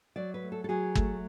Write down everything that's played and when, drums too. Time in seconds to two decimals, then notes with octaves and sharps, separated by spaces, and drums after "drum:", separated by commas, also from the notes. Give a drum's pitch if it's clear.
0.16 F#3 D5
0.34 B4
0.43 A3
0.52 A4
0.64 A4
0.69 F#3 G#4
0.95 A3, drum: kick G1